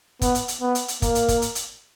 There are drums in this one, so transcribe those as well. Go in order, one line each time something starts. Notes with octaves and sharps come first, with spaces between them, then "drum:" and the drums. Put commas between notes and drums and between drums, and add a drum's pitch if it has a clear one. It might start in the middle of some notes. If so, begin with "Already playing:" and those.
B3, drum: kick, hi-hat
drum: hi-hat
drum: hi-hat
B3
drum: hi-hat
drum: hi-hat
A#3, drum: kick, hi-hat
drum: hi-hat
drum: kick, hi-hat
drum: hi-hat
drum: hi-hat